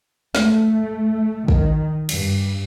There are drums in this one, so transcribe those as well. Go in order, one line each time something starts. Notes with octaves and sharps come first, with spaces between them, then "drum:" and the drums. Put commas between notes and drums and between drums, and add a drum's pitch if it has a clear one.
A3, drum: snare
D#3, drum: kick
G2, drum: cymbal